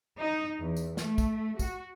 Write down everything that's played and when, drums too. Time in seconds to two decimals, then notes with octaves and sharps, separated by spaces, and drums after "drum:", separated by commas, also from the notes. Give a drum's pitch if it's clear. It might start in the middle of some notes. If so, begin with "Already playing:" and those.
0.18 D#4
0.60 E2
0.77 drum: tambourine
0.97 A3, drum: snare
1.18 drum: kick, tambourine
1.59 F#4, drum: kick, tambourine